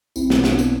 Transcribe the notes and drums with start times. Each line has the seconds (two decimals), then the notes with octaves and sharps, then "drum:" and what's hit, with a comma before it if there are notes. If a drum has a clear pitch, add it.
0.16 B1 C4 E4, drum: tambourine
0.30 B2, drum: snare
0.44 B1 B3 D4, drum: snare
0.59 drum: tambourine